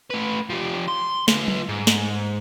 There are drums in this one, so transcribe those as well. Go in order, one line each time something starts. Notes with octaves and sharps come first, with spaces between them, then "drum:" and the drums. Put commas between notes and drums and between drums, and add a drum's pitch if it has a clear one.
A3 B4
F3 G4
C6
F4 B4, drum: snare
drum: tom F#3
G#2
drum: snare